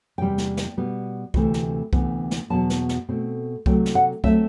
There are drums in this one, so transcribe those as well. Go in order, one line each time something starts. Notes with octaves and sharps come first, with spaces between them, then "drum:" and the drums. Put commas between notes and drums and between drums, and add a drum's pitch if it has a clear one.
E2 C3 G3 G5
drum: snare
drum: snare
B2 G3 B3
D2 C3 E3 A3 C4, drum: kick C2
drum: snare
D2 C3 E3 B3, drum: kick C2
drum: snare
E2 B2 F#3 B3 A5
drum: snare
drum: snare
B2 A3 C4
C3 F#3 A3 C4 G5, drum: kick C2
drum: snare
F#5
F#3 A3 C4 E5, drum: kick C2